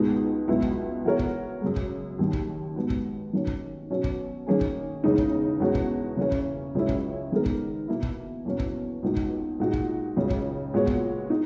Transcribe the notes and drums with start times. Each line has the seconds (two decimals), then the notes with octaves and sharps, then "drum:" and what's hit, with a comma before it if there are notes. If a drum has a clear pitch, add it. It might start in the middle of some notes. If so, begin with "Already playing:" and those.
Already playing: C#2 B2 G#3 B3 D#4
0.48 C#2 B2 F#3 B3 E4
0.62 drum: kick
1.05 E3 B3 F#4 A#4 C#5
1.19 drum: kick
1.61 F#2 C#3 G#3
1.76 drum: kick
2.19 D#2 D#3 F#3
2.33 drum: kick
2.76 G#2 F#3 B3
2.90 drum: kick
3.33 D#3 F#3 A#3 C#4
3.47 drum: kick
3.90 B2 F#3 C#4 F#4
4.04 drum: kick
4.47 D#3 A#3 C#4 G#4
4.61 drum: kick
5.04 E2 C#3 G#3 D#4
5.18 drum: kick
5.60 E2 B2 G#3 C#4 F#4
5.75 drum: kick
6.17 C#3 E3 A#3 C#4
6.32 drum: kick
6.75 C#2 C#3 F#3 C#4 E4
6.89 drum: kick
7.32 D#3 G#3 B3 D#4 A#4
7.46 drum: kick
7.88 B2 A#3 E4
8.03 drum: kick
8.45 E2 B2 F#3 A#3 C#4
8.59 drum: kick
9.03 C#2 B2 A#3 D#4 F#4
9.16 drum: kick
9.60 A#2 G#3 D#4 F#4
9.73 drum: kick
10.16 C#2 C#3 F#3
10.30 drum: kick
10.74 A#2 G#3 B3 F#4 C#5
10.87 drum: kick
11.30 D#4